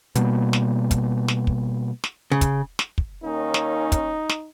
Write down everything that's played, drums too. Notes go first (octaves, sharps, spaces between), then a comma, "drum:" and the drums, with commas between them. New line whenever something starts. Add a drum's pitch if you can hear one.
B2 G3 A#3, drum: hi-hat
drum: snare
drum: kick, hi-hat
drum: snare
drum: kick
drum: snare
C#3
drum: kick, hi-hat
drum: snare
drum: kick
D#2 A#3 C#4 D#4
drum: snare
drum: kick, hi-hat
drum: snare